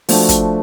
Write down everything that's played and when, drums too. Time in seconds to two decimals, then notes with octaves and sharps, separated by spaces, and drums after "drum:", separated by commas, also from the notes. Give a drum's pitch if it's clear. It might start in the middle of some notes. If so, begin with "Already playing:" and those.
0.09 F3 A3 D4 F#4, drum: open hi-hat
0.29 drum: kick, hi-hat